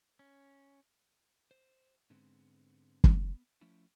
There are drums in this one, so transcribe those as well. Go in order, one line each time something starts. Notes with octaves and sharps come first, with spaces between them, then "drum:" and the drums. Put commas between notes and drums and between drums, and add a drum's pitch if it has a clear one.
C#4
C5
G#2 D3 G#3 B3 C4
B3, drum: kick
F3 A3 C#4 E4